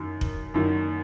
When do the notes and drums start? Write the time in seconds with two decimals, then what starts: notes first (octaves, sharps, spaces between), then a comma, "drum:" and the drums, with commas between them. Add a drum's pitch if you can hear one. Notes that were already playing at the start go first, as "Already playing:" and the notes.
Already playing: F#2 D#3
0.21 drum: kick F1
0.54 F#2 D#3